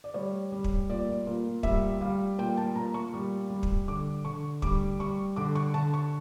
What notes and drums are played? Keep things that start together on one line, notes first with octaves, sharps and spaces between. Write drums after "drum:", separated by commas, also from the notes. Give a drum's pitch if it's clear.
D5
G3 C#5
G3
drum: kick
A#2 D5
A#2
G3 E5, drum: kick
G3 F5
A#2 G5
A5
A#2 A#5
C#6
G3
G3
drum: kick
D3 D6
D3 C#6
G3 D6, drum: kick
G3 C#6
D3 D6
C#6
D3 A5
C#6